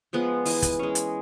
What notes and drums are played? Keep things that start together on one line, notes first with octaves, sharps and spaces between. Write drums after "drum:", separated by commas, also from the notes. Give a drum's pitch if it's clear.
F3 G#3 B3
E3, drum: open hi-hat
drum: kick, hi-hat
G#3 C#4
drum: hi-hat